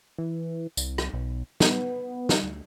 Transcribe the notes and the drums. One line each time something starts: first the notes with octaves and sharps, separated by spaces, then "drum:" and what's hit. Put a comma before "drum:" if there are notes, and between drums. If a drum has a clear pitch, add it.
E3
C2, drum: tambourine
drum: rim click
B1
B3, drum: snare
drum: snare
D2